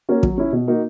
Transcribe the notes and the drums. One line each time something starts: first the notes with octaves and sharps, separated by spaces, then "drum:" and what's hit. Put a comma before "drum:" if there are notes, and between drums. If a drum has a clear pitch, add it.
A#3 C#4 F#4
F#3, drum: kick
C#4 E4
B2
A#3 D#4 F#4